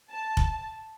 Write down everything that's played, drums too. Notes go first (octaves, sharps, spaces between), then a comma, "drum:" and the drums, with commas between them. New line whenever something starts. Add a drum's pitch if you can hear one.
A5
drum: kick F1